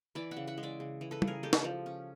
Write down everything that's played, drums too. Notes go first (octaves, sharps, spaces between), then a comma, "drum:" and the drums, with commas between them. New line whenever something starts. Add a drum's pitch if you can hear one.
E3 D5 E5
E5 F#5
C#3
E5 F#5
G#3
D5 E5
C#3
E3
A4 B4
C#3, drum: tom
G#4 A#4
G#3 G4 A4
drum: snare
F3
C#4